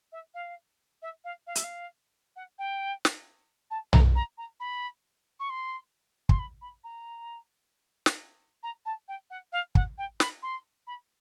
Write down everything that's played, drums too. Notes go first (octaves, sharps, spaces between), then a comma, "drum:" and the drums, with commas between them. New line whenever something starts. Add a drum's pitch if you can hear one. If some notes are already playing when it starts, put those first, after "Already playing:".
E5
F5
E5
F5
F5
E5, drum: hi-hat
F5
F#5
G5
drum: snare
A5
A#5, drum: tom B1
A#5
A#5
B5
C#6
C6
C6, drum: kick
B5
B5
A#5
drum: snare
A#5
A5
G5
F#5
F5
F#5, drum: kick
G5
B5, drum: snare
C6
B5